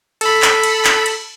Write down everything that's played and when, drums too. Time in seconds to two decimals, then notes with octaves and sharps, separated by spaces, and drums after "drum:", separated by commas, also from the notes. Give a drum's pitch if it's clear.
0.21 A4 B5, drum: cymbal
0.42 drum: clap
0.63 drum: cymbal
0.85 drum: clap
1.06 drum: cymbal